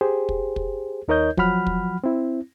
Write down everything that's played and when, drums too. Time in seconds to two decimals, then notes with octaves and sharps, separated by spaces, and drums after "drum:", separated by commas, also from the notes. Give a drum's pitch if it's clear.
0.01 G4 G#4 C5
0.29 drum: kick
0.56 drum: kick
1.08 D#2 D#4 A#4 C#5 D#5 G6
1.37 F3 F#3 F#5 B5 F6, drum: kick
1.67 drum: kick
2.04 C4 E4